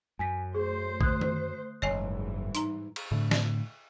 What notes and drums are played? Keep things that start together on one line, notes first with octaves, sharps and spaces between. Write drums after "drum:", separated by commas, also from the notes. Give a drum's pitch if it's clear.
F#2 G#5 B6
A3 G#4 C5
D3 D#6 F#6, drum: kick A#1
drum: tom D#3
F#1 G#2 E3 G3 C#5 D#5 G#5
D#4 A#5, drum: hi-hat
drum: cymbal
A2 D3
drum: snare